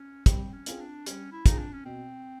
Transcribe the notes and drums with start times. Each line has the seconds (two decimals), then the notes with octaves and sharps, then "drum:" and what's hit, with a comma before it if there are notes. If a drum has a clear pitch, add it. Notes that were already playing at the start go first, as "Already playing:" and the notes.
Already playing: C#4
0.26 G3 C4, drum: kick, hi-hat
0.53 C#4
0.66 C4 F4 G#4, drum: hi-hat
0.80 D4
1.06 G3 C#4, drum: hi-hat
1.32 E4
1.46 C4 D#4 F4 G#4, drum: kick, hi-hat
1.59 D4
1.73 C#4
1.85 B2 C4